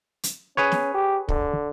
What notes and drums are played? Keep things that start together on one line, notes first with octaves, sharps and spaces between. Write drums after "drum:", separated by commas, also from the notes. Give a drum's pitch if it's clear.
drum: hi-hat
C#4 G#4 B4 C#5
drum: snare
G4
D3, drum: kick